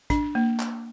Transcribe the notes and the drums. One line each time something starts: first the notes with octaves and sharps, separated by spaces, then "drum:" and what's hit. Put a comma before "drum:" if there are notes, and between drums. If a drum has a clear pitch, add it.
D4, drum: kick, hi-hat
A#3
drum: clap